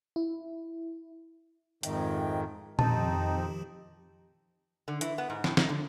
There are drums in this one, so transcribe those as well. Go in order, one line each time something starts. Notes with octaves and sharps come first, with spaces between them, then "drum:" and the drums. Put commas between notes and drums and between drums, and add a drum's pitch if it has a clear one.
E4
F2 G#2 D#3 D#5 E5 G5, drum: hi-hat
F2 D#3 F3 C4 D#4 G4 A5, drum: tom A#2
D3
E3, drum: hi-hat
B3
G#2
A2, drum: snare
D#4, drum: snare
D3